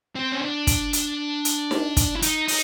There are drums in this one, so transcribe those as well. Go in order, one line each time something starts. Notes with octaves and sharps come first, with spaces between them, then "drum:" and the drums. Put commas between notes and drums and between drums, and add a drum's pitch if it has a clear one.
C4
C#4
D4
drum: kick, hi-hat
drum: hi-hat
drum: hi-hat
drum: snare D#4
drum: kick, hi-hat
E4
D#4, drum: hi-hat
D#4, drum: open hi-hat